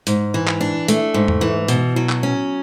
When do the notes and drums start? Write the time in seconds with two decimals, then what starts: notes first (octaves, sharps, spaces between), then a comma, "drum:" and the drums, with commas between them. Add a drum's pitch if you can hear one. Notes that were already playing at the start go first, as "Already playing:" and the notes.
0.07 G#2, drum: hi-hat
0.34 E3
0.47 drum: clap
0.61 D4
0.88 A3, drum: hi-hat
1.14 G#2
1.28 drum: tom E2
1.41 E3
1.68 B2, drum: hi-hat
1.96 F#3
2.09 drum: clap
2.23 C#4